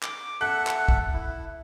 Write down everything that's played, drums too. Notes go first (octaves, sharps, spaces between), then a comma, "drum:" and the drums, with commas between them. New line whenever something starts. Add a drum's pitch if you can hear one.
D6, drum: clap
A4 E5 F#5 F#6
drum: clap
drum: kick
E4